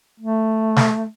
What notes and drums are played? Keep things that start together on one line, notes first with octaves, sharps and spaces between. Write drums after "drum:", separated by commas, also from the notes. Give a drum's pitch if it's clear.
A3
drum: snare